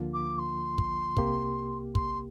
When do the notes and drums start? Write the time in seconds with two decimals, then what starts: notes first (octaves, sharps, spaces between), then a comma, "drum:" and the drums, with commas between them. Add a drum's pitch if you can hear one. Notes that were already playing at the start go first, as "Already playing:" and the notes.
Already playing: D2 D3 F3 A#3 F4
0.14 D6
0.39 C6
0.78 drum: kick
1.17 C2 C3 A#3 G4, drum: kick
1.95 C6, drum: kick